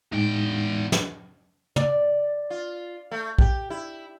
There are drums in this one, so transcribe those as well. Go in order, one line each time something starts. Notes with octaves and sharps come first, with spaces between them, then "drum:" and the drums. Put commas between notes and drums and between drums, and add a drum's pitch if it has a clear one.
E2 A2 G#3 D#4 G5
drum: snare
D5, drum: tom
F4
A3
G4, drum: kick A#1
E4